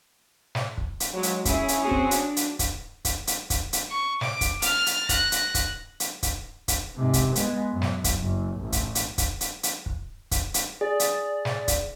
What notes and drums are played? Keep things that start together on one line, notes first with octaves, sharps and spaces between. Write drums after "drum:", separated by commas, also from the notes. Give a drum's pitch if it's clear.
drum: snare
drum: kick
drum: hi-hat
F#3 G#3
drum: hi-hat
C#4 E4 G#4, drum: kick, hi-hat
drum: hi-hat
C4 F#4 G#4
drum: kick
D4, drum: hi-hat
drum: hi-hat
drum: kick, hi-hat
drum: kick, hi-hat
drum: hi-hat
drum: kick, hi-hat
drum: hi-hat
C#6
D6, drum: snare
drum: kick, hi-hat
F6 A6, drum: hi-hat
drum: hi-hat
F#6 A#6, drum: kick, hi-hat
drum: hi-hat
drum: kick, hi-hat
drum: hi-hat
drum: kick, hi-hat
drum: kick, hi-hat
G#2 C3
drum: kick, hi-hat
G#3 B3, drum: hi-hat
F#2
drum: snare
drum: kick, hi-hat
F#1
A1
drum: kick, hi-hat
drum: hi-hat
drum: kick, hi-hat
drum: hi-hat
drum: hi-hat
drum: kick
drum: kick, hi-hat
drum: hi-hat
G#4 D5
drum: hi-hat
drum: snare
drum: kick, hi-hat